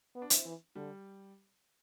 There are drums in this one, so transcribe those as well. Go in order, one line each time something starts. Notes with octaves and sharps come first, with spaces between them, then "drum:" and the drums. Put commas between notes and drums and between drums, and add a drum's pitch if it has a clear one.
B3
D4
C4 E4, drum: hi-hat
E3
D3 G3